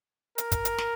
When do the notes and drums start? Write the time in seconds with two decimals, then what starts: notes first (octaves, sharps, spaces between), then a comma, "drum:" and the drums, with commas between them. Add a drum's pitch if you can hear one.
0.38 A#4, drum: hi-hat
0.52 drum: kick, hi-hat
0.65 drum: hi-hat
0.78 drum: snare